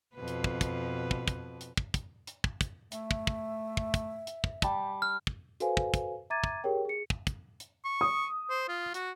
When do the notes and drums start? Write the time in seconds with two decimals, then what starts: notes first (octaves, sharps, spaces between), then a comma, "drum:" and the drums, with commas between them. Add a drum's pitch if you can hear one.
0.15 F2 B2 B4
0.28 drum: hi-hat
0.44 drum: kick
0.61 drum: kick, hi-hat
1.11 drum: kick
1.28 drum: kick, hi-hat
1.61 drum: hi-hat
1.77 drum: kick
1.94 drum: kick, hi-hat
2.27 drum: hi-hat
2.44 drum: kick
2.61 drum: kick, hi-hat
2.92 A3 E5, drum: hi-hat
3.11 drum: kick
3.27 drum: kick
3.77 drum: kick
3.94 drum: kick, hi-hat
4.27 drum: hi-hat
4.44 drum: kick
4.62 G3 A5, drum: kick, hi-hat
5.02 F6
5.27 drum: kick
5.60 F#4 A4 B4 C5 F5 G#5, drum: hi-hat
5.77 drum: kick
5.94 drum: kick, hi-hat
6.30 E5 A#5 D6 G#6 A6 D#7
6.44 drum: kick
6.64 G4 G#4 A#4 C#5 G5
6.85 G#4 C#7
7.10 drum: kick
7.27 drum: kick, hi-hat
7.60 drum: hi-hat
7.85 C#6
8.01 D#6
8.49 C5
8.68 F4
8.94 F#4, drum: hi-hat